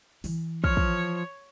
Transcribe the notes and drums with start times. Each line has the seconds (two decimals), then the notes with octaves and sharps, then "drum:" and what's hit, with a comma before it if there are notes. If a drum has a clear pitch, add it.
0.24 E3 E4, drum: open hi-hat
0.64 F3 C#5 F6, drum: kick
0.77 drum: kick